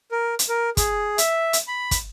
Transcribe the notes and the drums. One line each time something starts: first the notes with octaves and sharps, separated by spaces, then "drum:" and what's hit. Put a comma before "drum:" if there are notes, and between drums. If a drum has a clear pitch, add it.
A#4
drum: hi-hat
A#4
G#4, drum: kick, hi-hat
E5, drum: hi-hat
drum: hi-hat
B5
drum: kick, hi-hat